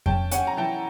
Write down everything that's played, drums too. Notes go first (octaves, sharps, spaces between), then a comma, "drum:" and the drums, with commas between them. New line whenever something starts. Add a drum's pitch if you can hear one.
C#4 G5 A5, drum: kick F2
C#4 F#5 G#5, drum: hi-hat
A#5
E3 G5 A5